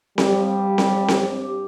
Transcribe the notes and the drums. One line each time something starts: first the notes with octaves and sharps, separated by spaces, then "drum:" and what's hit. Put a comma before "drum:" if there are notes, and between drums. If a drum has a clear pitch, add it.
G2 G3, drum: snare C4
F3
G2
G2, drum: snare C4
G2
drum: snare C4
G2
G4